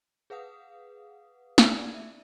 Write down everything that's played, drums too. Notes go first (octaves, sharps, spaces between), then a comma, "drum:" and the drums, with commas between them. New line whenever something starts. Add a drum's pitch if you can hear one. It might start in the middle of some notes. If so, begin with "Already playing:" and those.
G#4 B4 F5 F#5 D#6
drum: snare
D5 G#6
E5